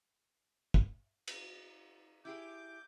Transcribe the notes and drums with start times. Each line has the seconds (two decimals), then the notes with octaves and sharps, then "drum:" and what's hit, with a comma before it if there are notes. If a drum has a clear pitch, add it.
0.74 drum: kick
1.28 drum: cymbal
2.25 E4 G4 G#4 D6 G6